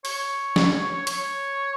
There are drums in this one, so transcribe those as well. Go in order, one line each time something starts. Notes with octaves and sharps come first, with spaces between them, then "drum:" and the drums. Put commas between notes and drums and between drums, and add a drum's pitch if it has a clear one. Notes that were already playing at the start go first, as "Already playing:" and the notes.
C#5, drum: open hi-hat
drum: snare
C#5, drum: hi-hat